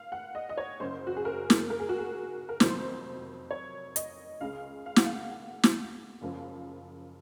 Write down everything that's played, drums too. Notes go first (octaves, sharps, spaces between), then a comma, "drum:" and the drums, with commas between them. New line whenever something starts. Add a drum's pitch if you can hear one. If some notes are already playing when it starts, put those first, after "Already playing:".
Already playing: F5
F#5
D#5
D#5
C#5
F#1 F#2 C#3 C5
F#4
G#4
A#4
drum: snare
A#4
G#4
F#4
G#4
A#4
F2 C3 D#3 F#3 C5, drum: snare
C#5
D#5, drum: hi-hat
C#2 C#3 G#3 C#4 F5
F5
F#5, drum: snare
F5
F#5
drum: snare
F#1 F#2 C#3 F3